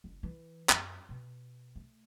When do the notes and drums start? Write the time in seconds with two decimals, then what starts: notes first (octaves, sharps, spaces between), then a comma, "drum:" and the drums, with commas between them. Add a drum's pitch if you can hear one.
0.04 F#1
0.23 E3
0.69 F#2, drum: clap
1.09 B2
1.76 A3